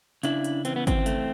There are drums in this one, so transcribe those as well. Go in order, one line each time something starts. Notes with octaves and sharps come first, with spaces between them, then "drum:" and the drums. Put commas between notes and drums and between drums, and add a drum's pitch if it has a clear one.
C#3 D4 E4, drum: hi-hat
drum: hi-hat
E3 C4, drum: hi-hat
B3
C4, drum: kick G#1, hi-hat
A3, drum: hi-hat